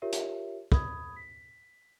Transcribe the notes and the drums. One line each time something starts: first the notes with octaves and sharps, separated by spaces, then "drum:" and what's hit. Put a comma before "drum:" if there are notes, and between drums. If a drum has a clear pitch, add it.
F4 G4 A#4 C#5 E5
drum: hi-hat
B5 D#6 G#6, drum: kick
B6